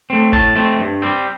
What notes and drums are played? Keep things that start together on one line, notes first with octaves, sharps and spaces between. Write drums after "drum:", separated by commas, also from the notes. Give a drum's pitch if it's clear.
A3 C4
A2 A5, drum: kick G#1
A3 C4
G2
G3 C4